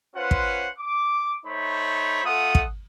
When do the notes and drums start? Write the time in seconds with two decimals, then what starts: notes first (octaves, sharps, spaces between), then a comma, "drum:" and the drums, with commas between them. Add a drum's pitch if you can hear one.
0.16 C#4 F4 B4 C5 F#5
0.31 drum: kick
0.79 D6
1.46 A3 D#4 C5 C#5 B5
2.24 A3 F4 A4 F#5 D#6
2.55 drum: kick